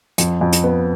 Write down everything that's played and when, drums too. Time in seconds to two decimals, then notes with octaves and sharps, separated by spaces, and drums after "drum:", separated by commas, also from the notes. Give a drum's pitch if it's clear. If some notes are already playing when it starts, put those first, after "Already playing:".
0.18 F2, drum: hi-hat
0.41 F2
0.53 drum: hi-hat
0.64 B3